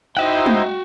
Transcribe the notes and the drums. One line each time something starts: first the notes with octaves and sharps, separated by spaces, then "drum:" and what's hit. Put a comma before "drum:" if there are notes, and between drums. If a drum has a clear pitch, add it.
D#4 E4 F#4 C5 D#5 E5 F#5 G5
drum: tom